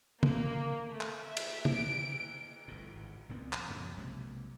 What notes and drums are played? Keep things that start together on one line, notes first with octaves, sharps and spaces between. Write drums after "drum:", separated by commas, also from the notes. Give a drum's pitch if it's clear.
A#3, drum: tom C#3
A3
drum: clap
E5
drum: cymbal
D7, drum: tom C#3
G1 A2
G#1
C#2 A#2 B3 C4
F3, drum: clap
F#2 C#3 F3 B3
B1 C3 G#3 A#3